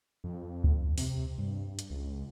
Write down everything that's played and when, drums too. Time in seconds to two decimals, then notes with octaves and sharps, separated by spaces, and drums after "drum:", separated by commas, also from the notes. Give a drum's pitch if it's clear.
0.24 F2
0.64 drum: kick D2
0.98 C3, drum: open hi-hat
1.38 G2
1.79 drum: hi-hat
1.90 C#2